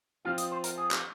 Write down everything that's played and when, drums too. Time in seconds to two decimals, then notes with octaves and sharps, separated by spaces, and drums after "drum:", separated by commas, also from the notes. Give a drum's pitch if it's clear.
0.25 F3 C4 F4 F5
0.38 D#5, drum: hi-hat
0.52 C5
0.64 A#4, drum: hi-hat
0.78 G#4
0.91 drum: clap